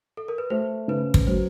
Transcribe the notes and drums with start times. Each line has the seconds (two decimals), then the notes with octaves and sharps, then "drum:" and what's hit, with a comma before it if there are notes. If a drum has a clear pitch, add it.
0.17 A4
0.28 A#4
0.38 B4
0.50 A3 C5
0.88 C#3 B4
1.14 drum: kick
1.27 F#3 C5